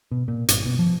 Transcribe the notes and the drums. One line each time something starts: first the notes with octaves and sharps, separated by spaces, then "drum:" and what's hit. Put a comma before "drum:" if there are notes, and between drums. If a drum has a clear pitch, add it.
B2
A#2
G1, drum: hi-hat
B2
F3